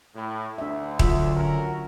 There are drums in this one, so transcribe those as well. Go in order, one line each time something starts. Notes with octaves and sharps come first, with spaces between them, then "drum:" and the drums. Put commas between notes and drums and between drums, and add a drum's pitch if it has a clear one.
A2
D2 D4 E5
D3 F#3 F4 E5, drum: kick D#1
C#4 F#4 A#4